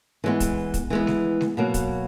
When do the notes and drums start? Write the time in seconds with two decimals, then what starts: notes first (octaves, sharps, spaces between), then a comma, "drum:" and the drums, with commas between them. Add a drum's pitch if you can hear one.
0.24 E3 G#3 B3
0.40 drum: kick, hi-hat
0.74 drum: kick, hi-hat
0.90 E3 G#3 B3
1.07 drum: snare G#3
1.41 drum: snare G#3
1.57 B2 F#3 A#3
1.74 drum: kick, hi-hat